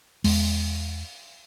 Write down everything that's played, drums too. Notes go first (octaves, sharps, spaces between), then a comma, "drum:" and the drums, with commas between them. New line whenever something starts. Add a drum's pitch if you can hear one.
E2 G#3, drum: open hi-hat